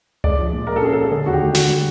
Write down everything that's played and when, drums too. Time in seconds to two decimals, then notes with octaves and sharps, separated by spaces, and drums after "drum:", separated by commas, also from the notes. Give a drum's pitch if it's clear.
0.24 G#3 D5, drum: tom C#2
0.39 F3
0.53 A#2
0.67 G#3 A#4
0.76 A4
0.81 C#4 G#4
0.93 A4
0.97 G#3
1.03 A4
1.11 D3 G#4
1.26 D#2 F#4
1.33 G4
1.40 A3
1.55 D3 F#4, drum: snare
1.69 G3